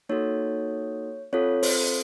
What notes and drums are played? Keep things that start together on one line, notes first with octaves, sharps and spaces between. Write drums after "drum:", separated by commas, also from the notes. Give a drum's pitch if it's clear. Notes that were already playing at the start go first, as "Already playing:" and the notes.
A#3 D#4 F#4 A4 C#5
C4 F4 A4 C#5
C5, drum: open hi-hat